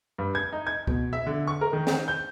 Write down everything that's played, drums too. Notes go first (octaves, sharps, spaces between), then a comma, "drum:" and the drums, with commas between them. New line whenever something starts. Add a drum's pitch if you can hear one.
G2
G#6
D#4
G#6
B2, drum: kick
E5
D3
C#6
A#4
D#3
D#3, drum: snare C5
G6